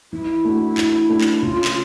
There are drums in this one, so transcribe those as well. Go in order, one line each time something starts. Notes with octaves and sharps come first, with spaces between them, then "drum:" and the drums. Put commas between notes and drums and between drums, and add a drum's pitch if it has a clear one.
E3 E4
A3 D4 F#4
E3, drum: clap
A3 D4 F#4
drum: clap
C#3 F4
drum: clap